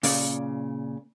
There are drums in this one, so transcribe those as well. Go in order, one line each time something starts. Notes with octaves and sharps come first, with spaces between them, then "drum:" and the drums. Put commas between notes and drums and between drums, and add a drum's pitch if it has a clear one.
A#2 C#3 D5, drum: open hi-hat